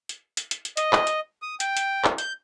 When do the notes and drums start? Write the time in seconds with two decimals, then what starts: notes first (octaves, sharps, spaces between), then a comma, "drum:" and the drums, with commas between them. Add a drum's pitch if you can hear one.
0.09 drum: hi-hat
0.37 drum: hi-hat
0.51 drum: hi-hat
0.65 drum: hi-hat
0.77 D#5, drum: hi-hat
0.93 drum: clap
1.07 drum: hi-hat
1.42 D#6
1.60 G5, drum: hi-hat
1.77 drum: hi-hat
2.04 drum: clap
2.18 G6, drum: hi-hat